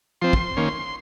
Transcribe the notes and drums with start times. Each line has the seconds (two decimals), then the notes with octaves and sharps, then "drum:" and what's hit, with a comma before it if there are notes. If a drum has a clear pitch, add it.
0.21 F3 C4 C6
0.33 drum: kick
0.57 D#3 A#3 C#4